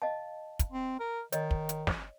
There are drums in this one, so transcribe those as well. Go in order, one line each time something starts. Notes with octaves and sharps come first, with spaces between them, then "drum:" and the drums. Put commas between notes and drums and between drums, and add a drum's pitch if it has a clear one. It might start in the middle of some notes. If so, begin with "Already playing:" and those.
D#5 F5 A5
drum: kick, hi-hat
C4
A#4
D#3 C#5 D#5, drum: hi-hat
drum: kick
drum: hi-hat
drum: snare